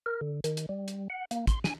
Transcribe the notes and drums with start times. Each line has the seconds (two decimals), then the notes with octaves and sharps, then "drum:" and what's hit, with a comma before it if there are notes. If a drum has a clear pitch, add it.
0.06 A#4
0.21 D3
0.44 D#3, drum: hi-hat
0.57 drum: hi-hat
0.69 G3
0.88 drum: hi-hat
1.10 F#5
1.31 A#3, drum: hi-hat
1.47 C6, drum: kick, hi-hat
1.64 G#5, drum: snare